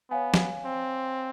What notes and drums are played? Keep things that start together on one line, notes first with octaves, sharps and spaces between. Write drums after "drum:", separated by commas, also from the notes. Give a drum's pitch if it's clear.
B3 C#5 F5 G#5
drum: snare
C4